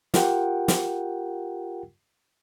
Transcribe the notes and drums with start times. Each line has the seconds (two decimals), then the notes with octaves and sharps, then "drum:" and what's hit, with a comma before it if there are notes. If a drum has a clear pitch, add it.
0.14 F4 G4 A#4 F#5 G5, drum: snare
0.68 drum: snare